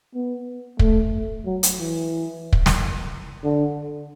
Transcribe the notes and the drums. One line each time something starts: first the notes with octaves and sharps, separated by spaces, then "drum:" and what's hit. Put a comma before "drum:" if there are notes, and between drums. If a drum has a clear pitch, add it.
B3
A3, drum: kick
F#3
drum: hi-hat
E3
drum: kick
drum: snare
D3